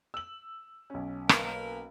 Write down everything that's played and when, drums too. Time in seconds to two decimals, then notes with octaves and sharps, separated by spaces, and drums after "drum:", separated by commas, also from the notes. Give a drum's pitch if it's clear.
0.14 E6 F#7
0.90 B1 C#4
1.29 A#3 A#4 B4, drum: rim click